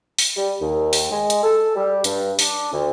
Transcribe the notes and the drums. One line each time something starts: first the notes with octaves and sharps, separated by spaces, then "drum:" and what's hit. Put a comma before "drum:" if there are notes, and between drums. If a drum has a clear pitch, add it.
drum: open hi-hat
G3
D#2
drum: open hi-hat
G#3
drum: hi-hat
A4
G3
G2, drum: hi-hat
D4, drum: open hi-hat
D2